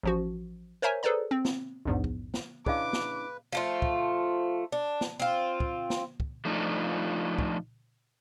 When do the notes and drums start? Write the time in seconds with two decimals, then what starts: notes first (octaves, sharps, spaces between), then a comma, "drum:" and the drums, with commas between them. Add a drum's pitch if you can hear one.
0.03 A1 F3 F#4
0.82 A#4 C5 C#5 E5 G#5 A#5
1.03 G#4 A4 B4 C5 D5 A#5
1.31 C4
1.45 drum: snare
1.85 A#1 E2 G#2
2.04 drum: kick
2.34 drum: snare
2.66 C#4 D4 E4 G#4 B4 D#5 F5 D6, drum: kick
2.93 drum: snare
3.52 F3 A3 F4
3.82 drum: kick
4.72 D4
5.01 drum: snare
5.20 C4 F4
5.60 drum: kick
5.90 drum: snare
6.20 drum: kick
6.45 F3 A3 D4 D#4 F4
7.38 drum: kick